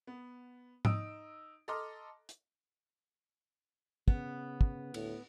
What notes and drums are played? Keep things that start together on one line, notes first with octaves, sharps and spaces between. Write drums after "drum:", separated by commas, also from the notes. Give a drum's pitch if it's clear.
B3
D#4 D#6 E6 D7, drum: tom G#2
A4 D#5 A#5 C6 D6 F6
drum: hi-hat
C#3 B3, drum: kick
drum: kick
D2 A2, drum: cymbal